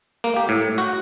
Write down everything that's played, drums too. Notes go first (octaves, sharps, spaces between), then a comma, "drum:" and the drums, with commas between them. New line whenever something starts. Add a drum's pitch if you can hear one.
A#3, drum: hi-hat
G4
A2
F#4, drum: hi-hat